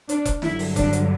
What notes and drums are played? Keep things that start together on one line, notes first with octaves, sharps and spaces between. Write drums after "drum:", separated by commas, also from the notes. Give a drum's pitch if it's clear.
D4, drum: hi-hat
drum: kick E1, hi-hat
G2 D3 F#3 E4, drum: snare
drum: open hi-hat
D4, drum: kick E1, hi-hat
drum: hi-hat